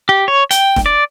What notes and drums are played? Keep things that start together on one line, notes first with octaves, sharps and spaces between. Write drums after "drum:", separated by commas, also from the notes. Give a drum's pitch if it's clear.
G4
C#5
G5, drum: hi-hat
drum: snare E1
D5